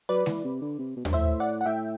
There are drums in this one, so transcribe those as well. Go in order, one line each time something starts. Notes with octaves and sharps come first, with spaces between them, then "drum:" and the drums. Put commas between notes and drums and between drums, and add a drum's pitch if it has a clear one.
F#3 B4 D5
E3, drum: snare G#3
C3
D3
C3
B2
G2, drum: tom D#2
A2 C5 E5
D5 F#5
F#5
A2 E5 G5